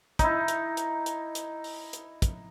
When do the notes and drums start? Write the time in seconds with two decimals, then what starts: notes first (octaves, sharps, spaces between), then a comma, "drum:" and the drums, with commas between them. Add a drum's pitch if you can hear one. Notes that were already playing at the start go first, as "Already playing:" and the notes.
0.19 D#4 E4, drum: kick, hi-hat
0.48 drum: hi-hat
0.77 drum: hi-hat
1.06 drum: hi-hat
1.35 drum: hi-hat
1.64 drum: open hi-hat
1.93 drum: hi-hat
2.22 drum: kick, hi-hat